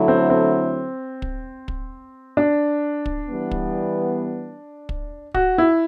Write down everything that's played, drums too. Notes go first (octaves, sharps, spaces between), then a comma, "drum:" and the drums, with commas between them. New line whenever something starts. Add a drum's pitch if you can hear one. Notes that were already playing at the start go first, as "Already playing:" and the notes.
Already playing: D3 F#3 A3 E4
C4
C4
drum: kick
drum: kick
D4
drum: kick
E3 G3 B3
drum: kick
drum: kick
F#4, drum: kick
E4